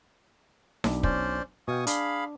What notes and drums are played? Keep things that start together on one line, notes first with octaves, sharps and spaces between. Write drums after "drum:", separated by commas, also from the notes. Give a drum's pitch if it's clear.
B1 D4, drum: snare D#4
C#4 C5 D5, drum: kick
B2 F5 G5 G#5 C#6 D#6
D4 G#4 F5 B5, drum: hi-hat